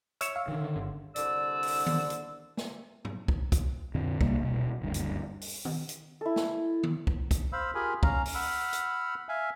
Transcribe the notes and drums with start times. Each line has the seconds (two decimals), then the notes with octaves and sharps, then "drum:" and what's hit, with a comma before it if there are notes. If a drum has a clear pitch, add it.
0.21 C#5 E5 E6, drum: hi-hat
0.36 F5
0.48 D3 D#3
0.76 G1
1.16 C2 D3 D5 E6, drum: hi-hat
1.63 drum: open hi-hat
1.86 drum: tom D#3
2.10 drum: hi-hat
2.57 drum: snare
3.05 drum: tom G#2
3.28 drum: kick
3.52 drum: kick, hi-hat
3.95 F2 A#2 D3
4.21 C3 G3 A#3, drum: kick
4.41 D#1 B2
4.81 F#1 D2 G2
4.94 drum: hi-hat
5.41 drum: open hi-hat
5.65 drum: tom
5.89 drum: hi-hat
6.21 E4 A4
6.36 drum: snare
6.83 drum: tom D#3
7.07 drum: kick
7.31 drum: kick, hi-hat
7.52 C5 F5 B5 E6
7.75 F4 G4 G#4 A#4 G#5 B5
8.03 C#4 F5 A#5, drum: kick
8.25 drum: open hi-hat
8.35 F#5 B5 E6 F6
8.73 drum: hi-hat
9.29 E5 F5 G#5